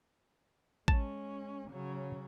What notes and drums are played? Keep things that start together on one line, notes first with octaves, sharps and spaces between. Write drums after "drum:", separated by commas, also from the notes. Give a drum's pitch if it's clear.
G#3 C#4 A5, drum: kick A1
C#3 F#3